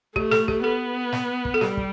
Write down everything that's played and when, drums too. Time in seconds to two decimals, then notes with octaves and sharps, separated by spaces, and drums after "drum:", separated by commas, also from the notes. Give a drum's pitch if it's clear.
0.16 A3 G4, drum: kick
0.31 A4, drum: snare
0.48 G4, drum: kick
0.64 B3 A4
1.13 drum: snare
1.45 drum: kick
1.54 A4
1.61 G3 G4, drum: snare
1.77 drum: kick